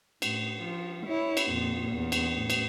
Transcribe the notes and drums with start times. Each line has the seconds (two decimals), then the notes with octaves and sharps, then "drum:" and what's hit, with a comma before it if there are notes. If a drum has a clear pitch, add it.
0.22 A2, drum: cymbal
0.62 F3
1.06 E4 C#5
1.37 drum: cymbal
1.51 F2 A#2
1.93 E2
2.12 drum: cymbal
2.36 A2
2.50 drum: cymbal